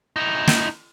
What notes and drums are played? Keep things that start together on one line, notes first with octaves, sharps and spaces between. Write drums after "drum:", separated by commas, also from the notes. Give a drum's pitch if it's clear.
D#4 E4
drum: snare